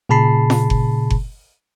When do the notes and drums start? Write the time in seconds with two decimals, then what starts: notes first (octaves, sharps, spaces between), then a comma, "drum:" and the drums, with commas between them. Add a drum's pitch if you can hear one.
0.09 A#2 C#3 G#4 A5 B5 C7
0.50 drum: snare
0.70 drum: kick F#1
1.10 drum: kick F#1